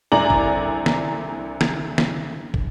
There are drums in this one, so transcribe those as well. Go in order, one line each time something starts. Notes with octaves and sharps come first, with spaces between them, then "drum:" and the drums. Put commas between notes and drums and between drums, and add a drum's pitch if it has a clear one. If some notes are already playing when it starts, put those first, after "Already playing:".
C2 D3 D5 G#5 A#5 F#7
drum: kick
drum: snare
drum: snare
drum: snare
drum: kick